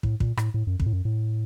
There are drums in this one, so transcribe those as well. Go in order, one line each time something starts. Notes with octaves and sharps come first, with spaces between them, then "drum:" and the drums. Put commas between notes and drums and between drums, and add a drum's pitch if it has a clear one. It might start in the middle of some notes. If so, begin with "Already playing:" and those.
A2, drum: kick
A#2, drum: kick
A2, drum: rim click
A2
F#2
F2, drum: kick
A2
F#2
A2